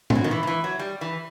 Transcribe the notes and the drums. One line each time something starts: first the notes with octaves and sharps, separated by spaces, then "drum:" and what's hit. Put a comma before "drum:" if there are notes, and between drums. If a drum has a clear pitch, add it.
G3, drum: tom A#2
F#3
D#3
E3
D#3
E3
F#3
G3
E3